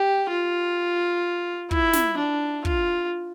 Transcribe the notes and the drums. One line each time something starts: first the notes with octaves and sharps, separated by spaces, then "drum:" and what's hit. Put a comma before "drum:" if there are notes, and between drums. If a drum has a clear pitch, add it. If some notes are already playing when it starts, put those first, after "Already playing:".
Already playing: G4
F4
E4, drum: kick
drum: snare
D4
F4, drum: kick